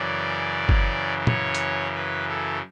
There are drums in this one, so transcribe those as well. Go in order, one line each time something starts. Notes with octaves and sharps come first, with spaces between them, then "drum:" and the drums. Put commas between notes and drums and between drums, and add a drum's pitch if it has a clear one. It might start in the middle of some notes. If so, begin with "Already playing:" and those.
Already playing: F#2 C#3 E3 D5
drum: kick
C#5, drum: tom
drum: hi-hat
B4
A4